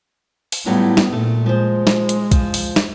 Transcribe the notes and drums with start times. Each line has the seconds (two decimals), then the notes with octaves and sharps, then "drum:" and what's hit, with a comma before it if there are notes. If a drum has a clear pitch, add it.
0.52 drum: open hi-hat
0.66 A2 F#3 G3 B3 F4
0.97 drum: snare
1.12 A#2 A3
1.46 F3 G#3 C5
1.87 drum: snare
2.09 drum: hi-hat
2.32 F3, drum: kick B1, hi-hat
2.54 drum: open hi-hat
2.76 drum: snare